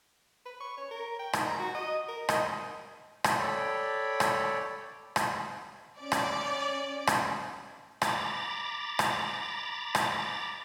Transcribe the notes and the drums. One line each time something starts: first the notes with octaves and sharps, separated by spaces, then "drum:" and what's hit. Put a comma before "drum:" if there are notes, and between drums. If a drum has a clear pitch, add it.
B4
C#6
C#5
A#4
G5
D#4, drum: rim click
A#5
F#4
D#5
A#4
D#5, drum: rim click
drum: rim click
A4 C#5 D5 G5 B5
drum: rim click
drum: rim click
C#4 D5
drum: rim click
drum: rim click
A#5 B5 D6 A6, drum: rim click
drum: rim click
drum: rim click